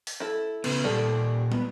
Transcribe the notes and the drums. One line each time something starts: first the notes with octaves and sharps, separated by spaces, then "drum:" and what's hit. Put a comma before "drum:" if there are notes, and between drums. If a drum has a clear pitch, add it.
drum: open hi-hat
E4 A4
C#3 B3, drum: cymbal
A#2 G3 G4 A4 D5
B3, drum: tom